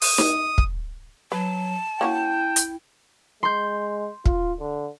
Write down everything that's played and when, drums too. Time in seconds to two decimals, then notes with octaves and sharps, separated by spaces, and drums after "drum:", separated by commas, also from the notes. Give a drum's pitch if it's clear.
0.01 D#6, drum: open hi-hat
0.18 drum: snare D#4
0.58 drum: kick
1.32 F#3 B4 A5
2.01 A#3 C#4 E4 F#4 G5
2.56 drum: hi-hat
3.43 G#3 C6 G6
4.26 F4, drum: kick
4.60 D3